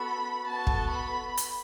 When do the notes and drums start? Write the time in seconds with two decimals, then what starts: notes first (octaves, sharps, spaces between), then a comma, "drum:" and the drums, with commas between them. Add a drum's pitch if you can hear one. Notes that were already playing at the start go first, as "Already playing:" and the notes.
Already playing: B3 F#4 A4 B5
0.47 B3 F#4 A4 A5
0.67 drum: kick
0.91 B5
1.37 drum: hi-hat